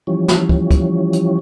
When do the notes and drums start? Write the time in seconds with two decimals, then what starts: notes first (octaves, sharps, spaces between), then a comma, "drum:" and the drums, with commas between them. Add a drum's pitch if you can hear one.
0.07 E3 F3 G3 C#4
0.28 drum: snare
0.49 drum: kick
0.71 drum: kick, hi-hat
1.13 drum: hi-hat